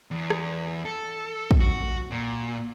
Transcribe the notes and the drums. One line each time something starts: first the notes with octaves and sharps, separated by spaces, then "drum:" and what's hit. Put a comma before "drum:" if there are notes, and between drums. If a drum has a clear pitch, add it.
E2
drum: rim click
A4
drum: kick
F#4
A#2